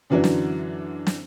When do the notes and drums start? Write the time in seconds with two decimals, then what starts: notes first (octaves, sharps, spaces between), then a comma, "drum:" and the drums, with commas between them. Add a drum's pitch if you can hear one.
0.10 F#2 D3 E3 F#3 D4
0.24 drum: snare
1.07 drum: snare